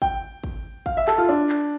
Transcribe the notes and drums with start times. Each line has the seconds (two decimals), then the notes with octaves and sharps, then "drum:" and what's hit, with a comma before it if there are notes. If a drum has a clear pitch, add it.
0.02 G5, drum: kick
0.44 drum: kick
0.86 F5, drum: kick
0.97 E5
1.07 A4, drum: clap
1.18 F4
1.29 D4
1.50 drum: clap